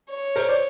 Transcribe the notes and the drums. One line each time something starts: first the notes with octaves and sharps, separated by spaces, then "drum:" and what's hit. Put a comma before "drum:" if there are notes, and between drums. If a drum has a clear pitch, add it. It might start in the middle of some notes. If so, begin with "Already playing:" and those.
C#5
A#4 C5, drum: open hi-hat
C5 D5